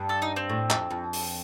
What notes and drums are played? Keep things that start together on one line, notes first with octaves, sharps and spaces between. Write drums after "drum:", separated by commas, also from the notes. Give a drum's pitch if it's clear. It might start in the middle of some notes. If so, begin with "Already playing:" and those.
Already playing: G2
A4
D#4
C4
A2
F2, drum: clap
F2
drum: open hi-hat